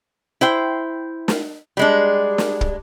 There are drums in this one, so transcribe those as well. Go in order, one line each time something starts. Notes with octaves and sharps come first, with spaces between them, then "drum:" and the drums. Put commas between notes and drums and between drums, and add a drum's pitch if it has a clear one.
E4 C5 G5
drum: snare
G3 G#3 D4
drum: snare
drum: kick